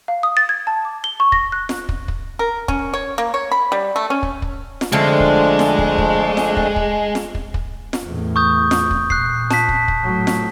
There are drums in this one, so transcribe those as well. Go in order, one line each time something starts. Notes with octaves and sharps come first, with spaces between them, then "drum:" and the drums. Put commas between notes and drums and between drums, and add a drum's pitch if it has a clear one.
F5
D#6
A6
G#6
A5
D6
G7
C#6
A#6, drum: kick
F#6
drum: snare F4
drum: kick
drum: kick
A#4
C#4, drum: kick
C#5
A#3
C#5
B5
G3
A3
C#4
drum: kick
drum: kick
drum: snare F4
F2 D3 F3 G#3 A3 C4 D4
drum: kick
drum: snare F4
drum: kick
drum: kick
drum: snare F4
drum: kick
drum: kick
drum: snare F4
drum: kick
drum: kick
drum: snare F4
E2 A2
C#6 D#6 G6
drum: snare F4
drum: kick
A#2 F#6 C7, drum: kick
A5 B6, drum: snare F4
drum: kick
drum: kick
A2 F#3
drum: snare F4